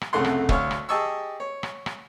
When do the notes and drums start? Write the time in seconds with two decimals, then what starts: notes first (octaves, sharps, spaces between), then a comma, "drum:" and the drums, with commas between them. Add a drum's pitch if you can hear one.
0.01 drum: rim click
0.13 C2 F2 C#3 A3 F#5 C6
0.25 drum: rim click
0.49 D2 C#5 F5 C#6 F6, drum: kick
0.71 drum: rim click
0.89 G4 G#4 D#5 A5 C#6 E6
1.40 C#5
1.63 drum: rim click
1.86 drum: rim click